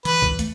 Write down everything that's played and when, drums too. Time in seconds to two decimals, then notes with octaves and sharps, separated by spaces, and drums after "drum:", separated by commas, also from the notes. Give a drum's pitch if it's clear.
0.05 E3 B4, drum: hi-hat
0.22 drum: kick C2
0.39 A3, drum: hi-hat